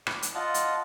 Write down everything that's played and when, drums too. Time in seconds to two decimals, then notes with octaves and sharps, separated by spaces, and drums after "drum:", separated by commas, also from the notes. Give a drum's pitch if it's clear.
0.07 D5, drum: rim click
0.22 drum: hi-hat
0.35 F4 D#5 F#5 A5
0.54 drum: hi-hat